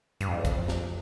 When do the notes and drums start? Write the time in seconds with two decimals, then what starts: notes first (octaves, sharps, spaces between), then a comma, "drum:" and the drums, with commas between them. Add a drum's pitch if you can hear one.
0.21 G2, drum: hi-hat
0.28 F2
0.37 E2
0.45 F2, drum: kick, hi-hat
0.68 drum: snare